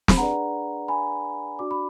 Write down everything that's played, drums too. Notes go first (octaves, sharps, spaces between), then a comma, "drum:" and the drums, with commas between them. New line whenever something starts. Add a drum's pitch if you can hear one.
B5, drum: snare
D4 G#4 B4 D5 F#5 A#5
G#5 B5
D4 F#4 D5 D6
B5